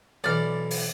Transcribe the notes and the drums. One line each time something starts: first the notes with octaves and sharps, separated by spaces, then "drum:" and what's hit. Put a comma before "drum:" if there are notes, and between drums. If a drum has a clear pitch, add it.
B1 E3 D5 F6
drum: open hi-hat